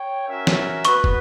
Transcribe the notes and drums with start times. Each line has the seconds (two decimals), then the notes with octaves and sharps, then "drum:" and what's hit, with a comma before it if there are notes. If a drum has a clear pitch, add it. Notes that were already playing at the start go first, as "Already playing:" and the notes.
Already playing: C#5 G5
0.28 C#4 F#4 A#4 E5
0.47 drum: snare
0.85 B3 F#4 B4 C#6, drum: hi-hat
1.04 drum: kick